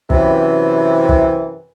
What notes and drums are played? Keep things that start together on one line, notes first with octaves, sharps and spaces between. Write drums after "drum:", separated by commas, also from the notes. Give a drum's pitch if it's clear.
F#2 C3 E3, drum: kick
drum: kick